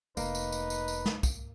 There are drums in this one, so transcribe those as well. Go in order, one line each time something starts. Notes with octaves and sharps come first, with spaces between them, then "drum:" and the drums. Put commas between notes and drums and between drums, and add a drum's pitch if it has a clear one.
F1 A#3 D#4 B4, drum: tambourine
drum: tambourine
drum: tambourine
drum: tambourine
drum: tambourine
drum: snare
drum: kick B1, tambourine